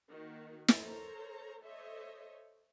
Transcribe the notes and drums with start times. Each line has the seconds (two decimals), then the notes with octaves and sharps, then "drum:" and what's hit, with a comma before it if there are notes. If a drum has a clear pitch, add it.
0.10 D#3 A#3 F#4
0.68 drum: snare
0.79 A4 A#4 C5 C#5 A#5
1.61 A4 C5 C#5 D#5 E5